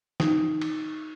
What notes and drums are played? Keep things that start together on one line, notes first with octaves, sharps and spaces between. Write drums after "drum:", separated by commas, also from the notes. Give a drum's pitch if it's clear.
D#4, drum: snare
drum: cymbal